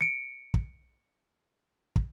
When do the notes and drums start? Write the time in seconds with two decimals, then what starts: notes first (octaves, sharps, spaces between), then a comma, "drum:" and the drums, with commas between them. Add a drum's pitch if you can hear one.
0.01 C#7 D7
0.54 drum: kick
1.96 drum: kick